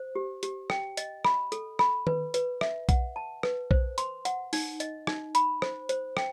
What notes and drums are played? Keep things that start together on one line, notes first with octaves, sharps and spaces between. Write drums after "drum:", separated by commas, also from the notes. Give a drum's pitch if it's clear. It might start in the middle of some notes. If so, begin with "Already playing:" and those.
Already playing: C5
G4
G4, drum: hi-hat
G5, drum: rim click
D#5, drum: hi-hat
B5, drum: rim click
A4, drum: hi-hat
B5, drum: rim click
B4, drum: tom D#3
B4, drum: hi-hat
E5, drum: rim click
F#5, drum: kick B1, hi-hat
A5
B4, drum: rim click
C5, drum: kick B1
C6, drum: hi-hat
F#5, drum: hi-hat
D#4, drum: open hi-hat
D#5, drum: hi-hat
D#4, drum: rim click
B5, drum: hi-hat
C5, drum: rim click
C5, drum: hi-hat
G5, drum: rim click